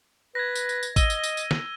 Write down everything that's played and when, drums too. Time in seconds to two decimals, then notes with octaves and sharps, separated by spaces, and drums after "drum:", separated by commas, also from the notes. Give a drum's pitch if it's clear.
0.35 B4 G#6 A#6
0.55 drum: tambourine
0.69 drum: tambourine
0.83 drum: tambourine
0.96 D#5 E6 D#7 G7, drum: kick, tambourine
1.10 drum: tambourine
1.24 drum: tambourine
1.37 drum: tambourine
1.51 drum: snare